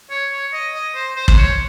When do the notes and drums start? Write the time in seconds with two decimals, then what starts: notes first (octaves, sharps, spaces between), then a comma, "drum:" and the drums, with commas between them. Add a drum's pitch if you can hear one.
0.10 C#5
0.32 C#5
0.53 D#5
0.74 D#5
0.95 C5
1.16 C5
1.28 C5, drum: kick
1.37 C#5